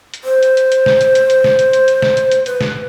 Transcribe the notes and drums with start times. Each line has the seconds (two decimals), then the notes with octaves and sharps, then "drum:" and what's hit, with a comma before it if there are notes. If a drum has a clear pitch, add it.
0.14 drum: hi-hat
0.24 C5
0.43 drum: hi-hat
0.57 drum: hi-hat
0.72 drum: hi-hat
0.86 drum: snare
1.01 drum: hi-hat
1.15 drum: hi-hat
1.30 drum: hi-hat
1.44 drum: snare
1.59 drum: hi-hat
1.73 drum: hi-hat
1.88 drum: hi-hat
2.02 drum: snare
2.17 drum: hi-hat
2.31 drum: hi-hat
2.46 B4, drum: hi-hat
2.61 drum: snare